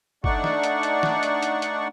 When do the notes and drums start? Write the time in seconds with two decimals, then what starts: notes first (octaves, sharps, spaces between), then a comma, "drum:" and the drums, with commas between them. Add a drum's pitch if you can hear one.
0.24 A3 D4 D#4 D5 F#5 C#6, drum: kick G1
0.44 drum: snare
0.64 drum: hi-hat
0.83 drum: hi-hat
1.03 drum: snare
1.23 drum: hi-hat
1.43 drum: hi-hat
1.62 drum: hi-hat